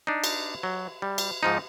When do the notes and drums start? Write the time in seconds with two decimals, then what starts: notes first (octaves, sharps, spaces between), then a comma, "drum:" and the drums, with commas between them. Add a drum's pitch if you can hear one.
0.07 D4 D#4
0.24 drum: cymbal
0.63 F#3
1.02 G3
1.18 drum: cymbal
1.43 G#2 F3 D#4